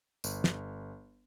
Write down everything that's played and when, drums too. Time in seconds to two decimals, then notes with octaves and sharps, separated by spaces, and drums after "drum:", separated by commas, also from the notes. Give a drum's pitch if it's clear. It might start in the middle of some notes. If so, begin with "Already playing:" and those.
0.24 G1, drum: tambourine
0.44 drum: snare